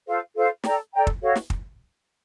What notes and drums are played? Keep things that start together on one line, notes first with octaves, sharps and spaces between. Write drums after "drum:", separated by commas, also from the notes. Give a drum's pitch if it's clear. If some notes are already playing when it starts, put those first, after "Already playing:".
F4 A4 C5 F5
F4 A4 C5 F5
A4 D5 G5 A#5, drum: snare
A4 D5 G5 A#5
drum: kick
F#4 A4 C#5 F5
drum: snare
drum: kick